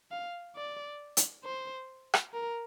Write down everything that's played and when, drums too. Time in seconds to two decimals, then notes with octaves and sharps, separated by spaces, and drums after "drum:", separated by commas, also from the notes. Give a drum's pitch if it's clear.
0.11 F5
0.56 D5
1.17 drum: hi-hat
1.44 C5
2.14 drum: rim click
2.34 A#4